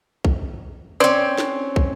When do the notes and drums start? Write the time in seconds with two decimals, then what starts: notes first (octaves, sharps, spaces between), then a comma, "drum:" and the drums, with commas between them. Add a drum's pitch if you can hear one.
0.25 drum: kick
1.00 C4 C#4 C5 D5
1.38 drum: snare
1.76 drum: kick